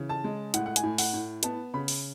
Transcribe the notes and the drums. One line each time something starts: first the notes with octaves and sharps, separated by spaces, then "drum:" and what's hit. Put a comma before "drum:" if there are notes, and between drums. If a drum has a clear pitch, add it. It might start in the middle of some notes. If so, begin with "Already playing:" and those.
Already playing: C#3 E3
A5
G#3
A2 F#5, drum: hi-hat
F#5
G#5, drum: hi-hat
A2
F#5, drum: open hi-hat
A2
B3 A5, drum: hi-hat
C#3 B5
drum: open hi-hat